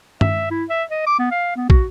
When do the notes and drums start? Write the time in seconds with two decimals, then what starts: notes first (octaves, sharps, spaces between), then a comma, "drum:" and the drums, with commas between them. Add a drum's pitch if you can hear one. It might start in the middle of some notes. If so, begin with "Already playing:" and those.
0.21 E5, drum: tom G2
0.51 E4
0.70 E5
0.91 D#5
1.07 D6
1.19 B3
1.31 F5
1.56 B3
1.70 F#4, drum: kick